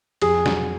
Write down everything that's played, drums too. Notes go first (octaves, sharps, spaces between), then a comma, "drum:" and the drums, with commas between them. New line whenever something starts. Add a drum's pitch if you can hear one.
F2 G#4, drum: cymbal
F#3, drum: snare